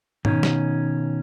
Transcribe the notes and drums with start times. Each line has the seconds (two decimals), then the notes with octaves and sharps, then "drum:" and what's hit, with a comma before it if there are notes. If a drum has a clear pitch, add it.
0.25 B2 D#3 C#4, drum: tom G#2
0.43 drum: snare